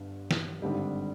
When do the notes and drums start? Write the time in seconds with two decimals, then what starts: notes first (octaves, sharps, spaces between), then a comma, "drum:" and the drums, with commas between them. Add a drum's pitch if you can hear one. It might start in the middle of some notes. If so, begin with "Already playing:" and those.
Already playing: G1 G2 D3
0.31 drum: snare
0.62 G#1 G2 D3 G3